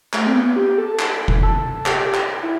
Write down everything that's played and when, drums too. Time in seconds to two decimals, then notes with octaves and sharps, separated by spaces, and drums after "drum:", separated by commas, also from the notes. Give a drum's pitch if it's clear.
0.14 A3, drum: clap
0.27 C4
0.35 B3
0.56 G4
0.78 A4
0.99 drum: clap
1.28 drum: kick F1
1.43 A4
1.86 G4, drum: clap
2.14 drum: clap
2.43 E4